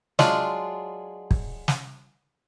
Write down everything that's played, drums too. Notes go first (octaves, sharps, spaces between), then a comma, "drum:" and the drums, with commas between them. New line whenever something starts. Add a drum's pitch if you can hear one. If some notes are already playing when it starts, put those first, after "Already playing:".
F#3 G#3 D4 F4, drum: snare
drum: kick
drum: snare